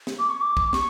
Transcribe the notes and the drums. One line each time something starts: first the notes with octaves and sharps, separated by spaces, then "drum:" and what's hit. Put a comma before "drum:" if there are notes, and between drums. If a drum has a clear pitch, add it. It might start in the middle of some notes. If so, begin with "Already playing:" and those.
drum: snare
D6
C#6
D6
drum: kick
C#6, drum: snare